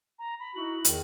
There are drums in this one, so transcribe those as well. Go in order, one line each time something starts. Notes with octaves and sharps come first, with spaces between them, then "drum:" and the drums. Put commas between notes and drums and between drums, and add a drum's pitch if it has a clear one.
A#5
B5
D#4 E4 F#4 F#7
E2 D#3, drum: hi-hat